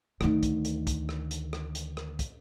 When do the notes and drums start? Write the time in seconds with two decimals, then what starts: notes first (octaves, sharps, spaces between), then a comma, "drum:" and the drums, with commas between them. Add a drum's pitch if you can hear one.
0.21 D2 D#3, drum: rim click
0.43 drum: kick, hi-hat
0.65 drum: hi-hat
0.87 drum: kick, hi-hat
1.09 drum: rim click
1.31 drum: hi-hat
1.53 drum: rim click
1.75 drum: hi-hat
1.97 drum: rim click
2.19 drum: kick, hi-hat